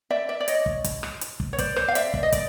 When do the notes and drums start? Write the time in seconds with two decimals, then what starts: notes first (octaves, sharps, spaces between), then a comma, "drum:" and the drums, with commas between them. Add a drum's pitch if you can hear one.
0.10 D5 E5
0.29 D5 E5
0.40 D5
0.48 C#5 D#5, drum: hi-hat
0.66 drum: kick
0.84 drum: kick, hi-hat
1.03 drum: rim click
1.21 drum: hi-hat
1.40 drum: kick
1.53 C#5
1.58 C5 D5, drum: kick, hi-hat
1.76 C5, drum: rim click
1.88 F5
1.95 D5 E5, drum: hi-hat
2.14 E5, drum: kick
2.23 D#5
2.32 D5, drum: kick, hi-hat